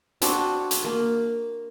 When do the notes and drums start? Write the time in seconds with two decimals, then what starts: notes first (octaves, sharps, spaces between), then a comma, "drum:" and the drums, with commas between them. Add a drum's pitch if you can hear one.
0.22 C4 D4 F#4 D5, drum: hi-hat
0.71 drum: hi-hat
0.85 A#3